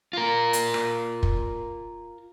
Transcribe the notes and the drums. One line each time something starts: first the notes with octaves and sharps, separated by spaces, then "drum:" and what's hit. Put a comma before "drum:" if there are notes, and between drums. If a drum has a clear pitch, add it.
F4 A#4
drum: hi-hat
drum: rim click
drum: kick